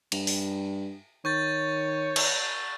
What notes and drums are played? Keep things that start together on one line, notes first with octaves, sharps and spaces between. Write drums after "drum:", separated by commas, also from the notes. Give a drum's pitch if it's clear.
G2, drum: cymbal
drum: open hi-hat
D#3 C#5 C#6 G6 A6
drum: cymbal